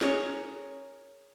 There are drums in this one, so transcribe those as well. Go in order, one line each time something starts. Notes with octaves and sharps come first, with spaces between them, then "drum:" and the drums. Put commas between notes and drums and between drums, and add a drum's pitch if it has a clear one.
G#4 A#4 C#5, drum: snare